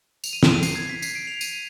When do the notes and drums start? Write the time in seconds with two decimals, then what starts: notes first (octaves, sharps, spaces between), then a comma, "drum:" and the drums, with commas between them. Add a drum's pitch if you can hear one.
0.24 F7, drum: tambourine
0.33 D#7
0.43 D7, drum: snare
0.53 D#7
0.63 C7, drum: tambourine
0.76 G#6
0.89 B6
1.02 C7, drum: tambourine
1.15 D7
1.27 F7
1.41 D#7, drum: tambourine